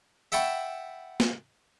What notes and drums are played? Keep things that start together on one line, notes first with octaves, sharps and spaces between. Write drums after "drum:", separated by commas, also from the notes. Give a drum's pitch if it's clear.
E5 F#5 G5 A5 B5 C#6
drum: snare